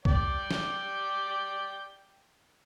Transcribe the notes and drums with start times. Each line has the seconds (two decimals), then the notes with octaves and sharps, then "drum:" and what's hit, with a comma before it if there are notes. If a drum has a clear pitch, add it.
0.05 D5 G5 D6, drum: kick C2
0.51 drum: snare